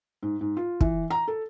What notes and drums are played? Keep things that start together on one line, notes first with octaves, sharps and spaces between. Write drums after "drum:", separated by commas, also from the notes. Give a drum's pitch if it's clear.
G#2
G#2
F4
E3, drum: kick
A#5
A4